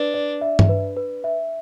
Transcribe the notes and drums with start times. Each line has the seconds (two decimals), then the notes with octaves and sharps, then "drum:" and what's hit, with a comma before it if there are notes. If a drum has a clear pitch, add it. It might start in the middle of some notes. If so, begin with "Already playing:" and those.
Already playing: D4 B4
0.14 D5
0.41 E5
0.59 drum: tom G2
0.69 B4
0.97 B4
1.24 E5